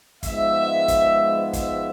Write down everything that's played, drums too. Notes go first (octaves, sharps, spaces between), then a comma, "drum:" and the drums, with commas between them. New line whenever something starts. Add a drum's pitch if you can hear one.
G#2 F3 G#3 B3 E5, drum: kick, hi-hat
drum: kick, hi-hat
E5, drum: kick, hi-hat